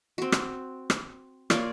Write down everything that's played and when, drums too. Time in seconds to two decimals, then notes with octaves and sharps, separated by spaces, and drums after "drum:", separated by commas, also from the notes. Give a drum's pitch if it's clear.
0.18 C4 F#4
0.32 drum: rim click
0.90 drum: rim click
1.50 A#3 F4 C#5 D5, drum: rim click